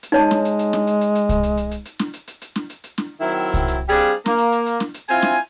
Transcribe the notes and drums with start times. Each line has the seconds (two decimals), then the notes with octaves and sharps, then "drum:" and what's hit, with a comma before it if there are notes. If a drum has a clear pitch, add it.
0.03 drum: hi-hat
0.12 G#3 D#4 C#5 A5
0.31 drum: snare
0.45 drum: hi-hat
0.59 drum: hi-hat
0.73 drum: snare
0.87 drum: hi-hat
1.01 drum: hi-hat
1.15 drum: hi-hat
1.29 drum: kick C2, hi-hat
1.43 drum: hi-hat
1.57 drum: hi-hat
1.71 drum: hi-hat
1.85 drum: hi-hat
1.99 drum: snare
2.13 drum: hi-hat
2.28 drum: hi-hat
2.42 drum: hi-hat
2.56 drum: snare
2.70 drum: hi-hat
2.84 drum: hi-hat
2.98 drum: snare
3.20 D#3 F#3 C4 E4
3.54 drum: kick C2, hi-hat
3.68 drum: hi-hat
3.89 G3 C4 D4 G#4 F5
4.26 A#3, drum: snare
4.38 drum: hi-hat
4.52 drum: hi-hat
4.66 drum: hi-hat
4.80 drum: snare
4.94 drum: hi-hat
5.08 C4 E4 F4 G#5, drum: hi-hat
5.22 drum: snare